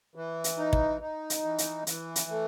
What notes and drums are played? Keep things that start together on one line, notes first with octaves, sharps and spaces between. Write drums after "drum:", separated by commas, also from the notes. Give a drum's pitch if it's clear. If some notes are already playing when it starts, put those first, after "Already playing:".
E3
drum: hi-hat
D#4
drum: kick
D#4
drum: hi-hat
E3
drum: hi-hat
E3, drum: hi-hat
drum: hi-hat
A3